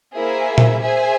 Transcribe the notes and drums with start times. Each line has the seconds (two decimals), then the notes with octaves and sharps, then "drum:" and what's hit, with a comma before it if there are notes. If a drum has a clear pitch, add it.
0.16 A#3 E4 G#4 C5 E5
0.58 drum: tom A#2
0.83 G#4 C5 E5 G#5